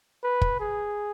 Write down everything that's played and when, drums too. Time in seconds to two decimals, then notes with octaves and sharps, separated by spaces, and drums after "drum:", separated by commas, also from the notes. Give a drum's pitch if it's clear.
0.24 B4
0.42 drum: kick
0.60 G#4